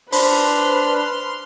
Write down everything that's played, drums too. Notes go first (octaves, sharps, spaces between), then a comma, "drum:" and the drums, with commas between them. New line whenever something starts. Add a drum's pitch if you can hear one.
D4 B4 C5 B5 C6 F6, drum: open hi-hat